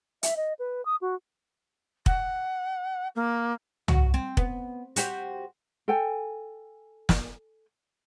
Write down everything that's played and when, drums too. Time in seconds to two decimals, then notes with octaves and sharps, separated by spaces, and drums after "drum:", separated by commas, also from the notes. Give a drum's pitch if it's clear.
0.23 E5, drum: hi-hat
0.37 D#5
0.59 B4
0.85 D#6
1.01 F#4
2.06 F#5, drum: kick
3.15 A#3
3.88 F#4, drum: tom
4.14 C4
4.37 B3, drum: kick
4.96 F#4 G4 C5, drum: hi-hat
5.88 A4 G5 G#5
7.09 drum: snare